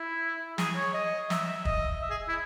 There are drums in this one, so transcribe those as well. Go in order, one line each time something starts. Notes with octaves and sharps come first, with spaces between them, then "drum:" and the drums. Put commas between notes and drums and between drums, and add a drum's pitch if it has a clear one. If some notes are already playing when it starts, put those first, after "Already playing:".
Already playing: E4
G#4, drum: snare
C#5
D#5
E5, drum: snare
D#5, drum: kick
E5
G#4
E4